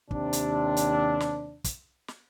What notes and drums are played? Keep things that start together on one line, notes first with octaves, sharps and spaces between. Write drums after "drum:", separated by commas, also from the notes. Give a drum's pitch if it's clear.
D#2 C3 D4, drum: kick
drum: hi-hat
drum: hi-hat
drum: snare
drum: kick, hi-hat
drum: snare